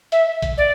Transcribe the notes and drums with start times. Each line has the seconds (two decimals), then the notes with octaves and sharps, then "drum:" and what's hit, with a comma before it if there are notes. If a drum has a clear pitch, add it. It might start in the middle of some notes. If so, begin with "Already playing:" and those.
0.12 E5, drum: hi-hat
0.42 drum: kick A#1, hi-hat
0.57 D5